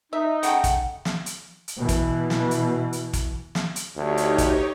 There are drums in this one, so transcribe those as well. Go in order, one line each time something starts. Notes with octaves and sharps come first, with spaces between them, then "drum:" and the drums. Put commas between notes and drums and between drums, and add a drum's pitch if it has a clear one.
D#4 E5
C#3 A3 F#5 G5, drum: hi-hat
drum: kick, hi-hat
drum: snare
drum: hi-hat
drum: hi-hat
B2 E3
drum: kick, hi-hat
drum: snare
drum: hi-hat
drum: hi-hat
drum: kick, hi-hat
drum: snare
drum: hi-hat
D2 D#4 G4 C#5
drum: hi-hat
drum: kick, hi-hat